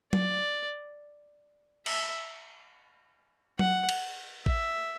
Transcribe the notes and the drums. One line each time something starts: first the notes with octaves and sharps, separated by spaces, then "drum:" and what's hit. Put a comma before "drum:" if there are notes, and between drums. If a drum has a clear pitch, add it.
D5, drum: tom F#3
E5, drum: cymbal
F#5, drum: tom F#3
drum: cymbal
E5, drum: kick A1